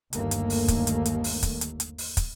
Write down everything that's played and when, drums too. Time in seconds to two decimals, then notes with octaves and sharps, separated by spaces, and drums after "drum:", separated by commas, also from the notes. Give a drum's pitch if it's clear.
0.13 G1 D#2 A3 A#3, drum: hi-hat
0.31 drum: hi-hat
0.50 drum: open hi-hat
0.68 drum: kick, hi-hat
0.87 drum: hi-hat
1.05 drum: hi-hat
1.24 drum: open hi-hat
1.43 drum: kick, hi-hat
1.61 drum: hi-hat
1.80 drum: hi-hat
1.98 drum: open hi-hat
2.17 drum: kick, hi-hat